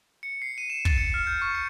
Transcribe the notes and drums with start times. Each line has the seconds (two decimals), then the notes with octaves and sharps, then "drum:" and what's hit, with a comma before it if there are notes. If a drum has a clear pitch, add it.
0.23 C#7
0.42 C7
0.58 D#7
0.70 E7
0.85 A6, drum: kick
0.98 C#7
1.14 F6
1.27 G6
1.42 C#6
1.55 C#7